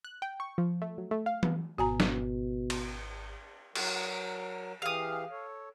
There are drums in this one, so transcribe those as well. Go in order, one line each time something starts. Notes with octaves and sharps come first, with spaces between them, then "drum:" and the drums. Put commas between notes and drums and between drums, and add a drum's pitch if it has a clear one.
F#6
G5
C#6
F3
A3
F#3
A3
F5
B3, drum: tom E3
G#1 B2 F#4 G#5 A#5
drum: snare
drum: cymbal
F#3 A#4, drum: cymbal
E3 G4 G#4 F5 D#6
A4 C#5